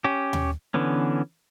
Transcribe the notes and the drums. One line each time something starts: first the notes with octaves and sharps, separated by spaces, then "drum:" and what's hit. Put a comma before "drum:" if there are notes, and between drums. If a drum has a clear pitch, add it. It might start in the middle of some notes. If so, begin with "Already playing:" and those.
C#4 G4
drum: tom D#2
D3 E3 B3 C#4